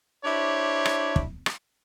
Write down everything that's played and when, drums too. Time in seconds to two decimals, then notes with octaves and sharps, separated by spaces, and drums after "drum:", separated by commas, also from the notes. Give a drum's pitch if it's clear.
0.25 D4 E4 G4 C5 C#5
0.85 drum: rim click
1.16 drum: kick
1.46 drum: rim click